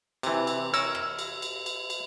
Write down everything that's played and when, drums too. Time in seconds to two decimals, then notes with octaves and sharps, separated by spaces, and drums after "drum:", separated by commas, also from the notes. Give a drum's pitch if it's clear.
0.23 C3 E3, drum: cymbal
0.47 drum: cymbal
0.74 A#4 C#5 E6, drum: cymbal
0.95 drum: rim click
1.19 drum: cymbal
1.42 drum: cymbal
1.66 drum: cymbal
1.90 drum: cymbal